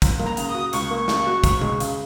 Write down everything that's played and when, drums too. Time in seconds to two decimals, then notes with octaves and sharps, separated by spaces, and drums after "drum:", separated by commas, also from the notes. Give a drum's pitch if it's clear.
0.02 C#2, drum: kick, hi-hat
0.20 A#3, drum: tom G3
0.26 A#5
0.37 C#3, drum: hi-hat
0.49 D#6
0.55 F#4
0.73 C#2 C#6, drum: hi-hat
0.90 A#3
1.08 C#3, drum: snare
1.27 F#4
1.44 C#2, drum: kick, hi-hat
1.61 G#3, drum: tom C3
1.80 C#3, drum: hi-hat